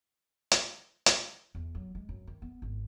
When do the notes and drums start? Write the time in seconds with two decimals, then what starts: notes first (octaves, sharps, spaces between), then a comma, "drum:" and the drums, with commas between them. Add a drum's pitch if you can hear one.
0.51 drum: hi-hat
1.06 drum: hi-hat
1.55 E2
1.75 F#3
1.95 G#3
2.09 F#2
2.27 D#3
2.42 B3
2.62 G#1